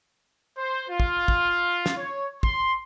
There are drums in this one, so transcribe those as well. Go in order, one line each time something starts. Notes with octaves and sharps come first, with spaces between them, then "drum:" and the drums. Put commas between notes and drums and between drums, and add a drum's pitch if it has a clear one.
C5
F4
drum: kick
drum: kick
drum: snare
C#5
C6, drum: kick